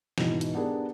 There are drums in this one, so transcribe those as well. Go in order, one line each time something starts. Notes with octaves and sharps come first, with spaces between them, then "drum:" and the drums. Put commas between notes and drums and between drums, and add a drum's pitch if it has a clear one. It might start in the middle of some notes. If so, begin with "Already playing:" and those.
E2 G#2 B2 E3, drum: snare
drum: hi-hat
B3 D4 G4 G#4 A#4